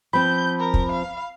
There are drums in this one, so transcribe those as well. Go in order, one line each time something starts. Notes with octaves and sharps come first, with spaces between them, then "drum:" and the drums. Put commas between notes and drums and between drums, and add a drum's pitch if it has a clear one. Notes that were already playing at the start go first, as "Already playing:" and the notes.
F3 C4 B5 G6
A#4
drum: kick
F5